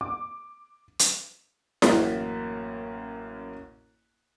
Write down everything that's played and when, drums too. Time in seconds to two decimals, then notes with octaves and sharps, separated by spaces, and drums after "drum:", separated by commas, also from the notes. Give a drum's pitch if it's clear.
0.01 D6
0.99 drum: hi-hat
1.82 A1 F#2 A#3 F#4 A6 B6, drum: snare E4